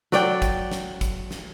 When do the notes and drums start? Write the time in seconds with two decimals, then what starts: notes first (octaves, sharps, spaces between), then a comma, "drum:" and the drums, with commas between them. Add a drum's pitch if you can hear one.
0.12 F#3 D5 G5, drum: snare
0.42 drum: kick, hi-hat
0.72 drum: snare
1.01 drum: kick, hi-hat
1.31 drum: snare